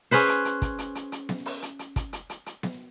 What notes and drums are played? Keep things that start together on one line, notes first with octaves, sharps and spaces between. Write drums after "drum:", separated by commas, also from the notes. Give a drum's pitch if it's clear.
C#4 G#4 B4 C5, drum: open hi-hat
drum: hi-hat
drum: hi-hat
drum: kick, hi-hat
drum: hi-hat
drum: hi-hat
drum: hi-hat
drum: snare B3
drum: open hi-hat
drum: hi-hat
drum: hi-hat
drum: kick, hi-hat
drum: hi-hat
drum: hi-hat
drum: hi-hat
drum: snare B3